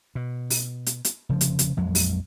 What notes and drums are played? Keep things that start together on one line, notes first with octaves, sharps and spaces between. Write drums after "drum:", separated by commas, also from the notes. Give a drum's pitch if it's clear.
B2
drum: open hi-hat
drum: hi-hat
drum: hi-hat
F1 C#3 F3
drum: hi-hat
drum: hi-hat
A#1 F2 F#3 G#3
drum: open hi-hat